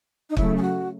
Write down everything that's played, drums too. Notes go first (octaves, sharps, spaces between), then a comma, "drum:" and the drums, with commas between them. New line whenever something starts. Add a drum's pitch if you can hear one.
D#4
C#3 F#3 A3 E4, drum: kick
G#4
F#4